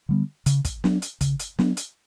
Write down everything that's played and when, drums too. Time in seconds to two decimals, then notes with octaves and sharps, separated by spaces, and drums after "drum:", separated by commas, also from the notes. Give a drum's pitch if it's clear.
0.09 D3 G3 B3
0.46 C#3, drum: hi-hat
0.65 drum: kick, hi-hat
0.84 F#3 B3 D4, drum: snare
1.02 drum: hi-hat
1.21 C#3, drum: kick, hi-hat
1.40 drum: hi-hat
1.59 F#3 B3 D4, drum: snare
1.77 drum: hi-hat